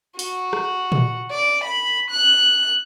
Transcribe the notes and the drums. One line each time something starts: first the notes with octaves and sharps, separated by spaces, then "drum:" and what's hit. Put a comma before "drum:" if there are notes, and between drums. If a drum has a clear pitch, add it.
F#4, drum: open hi-hat
drum: rim click
drum: tom A#2
D5
B5
F#6